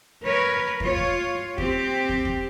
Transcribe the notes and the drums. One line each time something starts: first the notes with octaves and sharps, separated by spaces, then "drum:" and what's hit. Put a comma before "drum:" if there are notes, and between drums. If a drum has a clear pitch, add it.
A#4 B4 C#5
F4 C#5, drum: kick
drum: kick
C4 G4, drum: kick
drum: kick
drum: kick